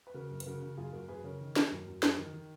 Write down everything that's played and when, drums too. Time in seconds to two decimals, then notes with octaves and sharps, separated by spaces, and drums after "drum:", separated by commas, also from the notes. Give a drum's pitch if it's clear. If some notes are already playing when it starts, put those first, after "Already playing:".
0.07 B4
0.14 C#3 F#4 A#4
0.31 F#2
0.40 B4, drum: hi-hat
0.46 C#3 F#4 A#4
0.62 C#3
0.77 F#2 F4 G#4
0.93 F#2 F#4 A#4
1.09 F#2 G#4 B4
1.24 C#3 A#4 C#5
1.41 D#3
1.56 D#3, drum: snare
1.72 F#2
1.87 F#2
2.03 F#2, drum: snare
2.19 D#3
2.34 D#3